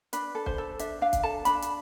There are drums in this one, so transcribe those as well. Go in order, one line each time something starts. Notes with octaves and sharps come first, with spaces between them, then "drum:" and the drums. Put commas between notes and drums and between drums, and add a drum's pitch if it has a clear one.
D4 B4, drum: hi-hat
A4
C5, drum: kick
A4
D4 E5, drum: hi-hat
D4 F5
drum: kick, hi-hat
A4 A5
D4 B5, drum: hi-hat
drum: hi-hat